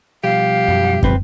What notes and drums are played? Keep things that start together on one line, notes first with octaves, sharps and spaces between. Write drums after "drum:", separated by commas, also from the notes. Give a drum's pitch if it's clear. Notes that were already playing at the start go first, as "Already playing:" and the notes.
B2 F3 G3 G4 F5
F#2
D1 C4 B4, drum: kick